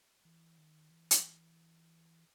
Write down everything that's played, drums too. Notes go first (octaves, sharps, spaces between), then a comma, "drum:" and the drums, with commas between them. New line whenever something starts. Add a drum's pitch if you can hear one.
E3
D#3
E3
drum: hi-hat